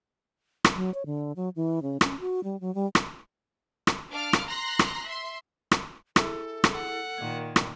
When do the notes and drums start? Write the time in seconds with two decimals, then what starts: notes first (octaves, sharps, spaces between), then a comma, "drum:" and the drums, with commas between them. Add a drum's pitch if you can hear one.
0.64 drum: rim click
0.75 F#3
0.94 C#5
1.06 D3
1.36 F#3
1.56 E3
1.83 C#3
2.01 C#4, drum: rim click
2.20 F#4
2.44 G3
2.61 F#3
2.75 G3
2.95 drum: rim click
3.87 drum: rim click
4.10 D4 F5 D6 F6
4.33 drum: rim click
4.46 A#5 C6 F#6 A#6
4.79 drum: rim click
5.04 E5 C6
5.71 drum: rim click
6.16 E4 G#4 A4, drum: rim click
6.64 drum: rim click
6.73 F#5
7.18 A#2 D#3 G#6
7.56 drum: rim click